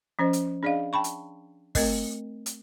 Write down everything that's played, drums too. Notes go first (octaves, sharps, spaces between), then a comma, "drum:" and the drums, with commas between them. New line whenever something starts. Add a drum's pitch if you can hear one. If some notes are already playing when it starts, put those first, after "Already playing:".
F3 C#4 C5 D#5
drum: hi-hat
D4 G#4 D5 D#5 F5
G5 A5 B5 C#6
drum: hi-hat
A3 C4 A#4 D#5, drum: kick, open hi-hat
drum: hi-hat